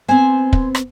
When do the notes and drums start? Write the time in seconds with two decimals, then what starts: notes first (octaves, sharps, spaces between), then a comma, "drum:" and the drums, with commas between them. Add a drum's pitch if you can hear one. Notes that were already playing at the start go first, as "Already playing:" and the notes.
0.08 B3 C4 C5 G#5
0.53 drum: kick
0.75 drum: rim click